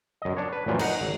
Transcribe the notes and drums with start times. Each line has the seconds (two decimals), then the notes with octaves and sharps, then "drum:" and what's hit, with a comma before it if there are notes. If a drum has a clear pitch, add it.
0.22 F#2 D#5
0.37 D4 C#5
0.53 B4
0.66 A1 F#2 A#2 F3
0.79 D#4 F#5, drum: cymbal
1.01 G#1